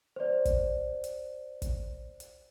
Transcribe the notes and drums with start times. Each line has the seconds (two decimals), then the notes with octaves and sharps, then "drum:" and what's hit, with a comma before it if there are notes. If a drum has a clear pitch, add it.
0.16 C5 D5
0.45 drum: kick, hi-hat
1.04 drum: hi-hat
1.62 drum: kick, hi-hat
2.20 drum: hi-hat